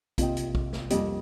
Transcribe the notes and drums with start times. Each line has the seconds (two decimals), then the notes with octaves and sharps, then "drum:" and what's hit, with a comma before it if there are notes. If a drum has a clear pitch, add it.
0.18 C3 A#3 F4 D#5 G5, drum: kick, hi-hat
0.37 drum: hi-hat
0.55 drum: kick
0.73 drum: snare
0.90 F2 G3 A#3 G4 D#5, drum: hi-hat